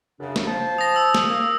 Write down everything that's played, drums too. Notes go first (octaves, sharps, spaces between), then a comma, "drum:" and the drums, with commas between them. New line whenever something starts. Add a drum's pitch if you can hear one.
F#2 C#3 D4
drum: snare
F3 C5 A5
D#6 A#6
D#6 E6
drum: snare
A#3